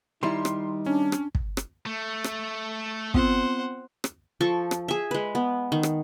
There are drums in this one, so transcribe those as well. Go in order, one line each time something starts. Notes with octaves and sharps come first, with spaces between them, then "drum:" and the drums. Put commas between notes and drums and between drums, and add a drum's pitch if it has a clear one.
D#3 G3 D#4 E4 C6
drum: rim click
C#4 D4
drum: rim click
drum: kick
drum: rim click
A3
drum: rim click
B3 C4 F4 C5 F#5, drum: kick
drum: rim click
F3 A4 C#6
drum: rim click
G#4 E5
G#3 B4
B3
D#3
drum: rim click